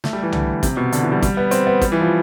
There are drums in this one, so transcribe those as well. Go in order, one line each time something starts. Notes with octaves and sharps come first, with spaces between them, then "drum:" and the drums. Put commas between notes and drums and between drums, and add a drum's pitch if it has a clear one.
A3, drum: snare
G3
E3
D3, drum: tom C2
C3, drum: kick, hi-hat
B2
D3, drum: hi-hat
E3
G3
G3, drum: kick, hi-hat
B3
C4, drum: hi-hat
B3
G3, drum: kick, hi-hat
E3
F3